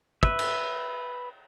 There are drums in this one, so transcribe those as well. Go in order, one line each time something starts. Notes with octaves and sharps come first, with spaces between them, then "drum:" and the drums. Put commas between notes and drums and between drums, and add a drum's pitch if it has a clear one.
B4 E5, drum: kick
drum: cymbal